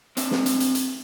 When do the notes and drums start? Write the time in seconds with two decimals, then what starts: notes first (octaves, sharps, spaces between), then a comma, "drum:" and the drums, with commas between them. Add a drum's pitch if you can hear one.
0.17 C4 D4 D5 E5, drum: hi-hat
0.31 drum: snare
0.46 drum: hi-hat
0.60 drum: hi-hat
0.75 drum: hi-hat